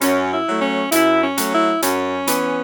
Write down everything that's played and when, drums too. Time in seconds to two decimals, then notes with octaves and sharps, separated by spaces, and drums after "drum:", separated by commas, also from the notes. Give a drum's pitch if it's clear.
0.01 F#2 C#4, drum: hi-hat
0.32 E4
0.47 F#3 A3
0.62 C#4
0.92 F#2 E4, drum: hi-hat
1.22 C#4
1.38 F#3 A3, drum: hi-hat
1.53 E4
1.82 F#2 C#4, drum: hi-hat
2.27 E3 B3, drum: hi-hat